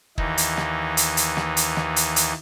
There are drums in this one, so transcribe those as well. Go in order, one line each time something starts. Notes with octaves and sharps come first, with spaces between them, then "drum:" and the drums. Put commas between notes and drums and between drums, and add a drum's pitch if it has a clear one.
D#2 E3 D#4, drum: kick
drum: hi-hat
drum: snare
drum: hi-hat
drum: hi-hat
drum: snare
drum: hi-hat
drum: snare
drum: hi-hat
drum: hi-hat